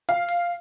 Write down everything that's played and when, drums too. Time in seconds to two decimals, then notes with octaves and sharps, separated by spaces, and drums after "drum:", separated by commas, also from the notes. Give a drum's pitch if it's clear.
0.09 F5, drum: hi-hat
0.29 drum: open hi-hat